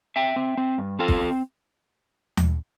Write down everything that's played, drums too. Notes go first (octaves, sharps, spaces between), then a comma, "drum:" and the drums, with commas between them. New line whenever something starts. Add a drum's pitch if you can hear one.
C4 E5 G5
C4
C4
G2
C4 F4 A4
drum: kick
C4
drum: tom D#2